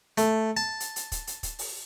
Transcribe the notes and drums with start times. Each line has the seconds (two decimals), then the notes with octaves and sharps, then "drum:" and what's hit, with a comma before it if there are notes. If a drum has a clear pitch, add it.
0.18 A3, drum: hi-hat
0.57 A5
0.80 drum: hi-hat
0.96 drum: hi-hat
1.12 drum: kick, hi-hat
1.27 drum: hi-hat
1.43 drum: kick, hi-hat
1.59 drum: open hi-hat